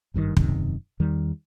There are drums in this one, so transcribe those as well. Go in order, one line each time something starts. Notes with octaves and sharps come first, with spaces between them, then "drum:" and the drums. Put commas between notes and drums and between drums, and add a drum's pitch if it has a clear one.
G#1 G2 C3 D#3
E1 F#2 C3 D#3, drum: kick
E2 D#3 G3